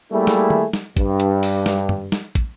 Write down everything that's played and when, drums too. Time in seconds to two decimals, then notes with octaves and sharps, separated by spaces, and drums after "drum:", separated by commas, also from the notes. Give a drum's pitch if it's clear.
0.12 G3 A3 A#3 E4 G#4
0.27 drum: snare
0.50 drum: tom
0.73 drum: snare
0.97 G2, drum: kick, hi-hat
1.20 drum: hi-hat
1.43 drum: open hi-hat
1.66 drum: snare
1.89 drum: tom
2.12 drum: snare
2.35 drum: kick, hi-hat